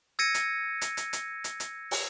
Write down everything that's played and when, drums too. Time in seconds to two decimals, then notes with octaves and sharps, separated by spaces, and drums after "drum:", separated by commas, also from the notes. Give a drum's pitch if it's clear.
0.19 E6 G#6 A#6 C#7 D#7
0.34 drum: hi-hat
0.81 drum: hi-hat
0.97 drum: hi-hat
1.13 drum: hi-hat
1.44 drum: hi-hat
1.60 drum: hi-hat
1.91 drum: open hi-hat